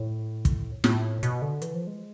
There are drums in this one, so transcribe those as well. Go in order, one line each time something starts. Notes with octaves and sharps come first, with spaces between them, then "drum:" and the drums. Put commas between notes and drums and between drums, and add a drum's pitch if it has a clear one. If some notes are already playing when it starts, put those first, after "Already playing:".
Already playing: A2
drum: kick, hi-hat
A2, drum: snare
B2, drum: hi-hat
D3
E3, drum: hi-hat
F3
G#3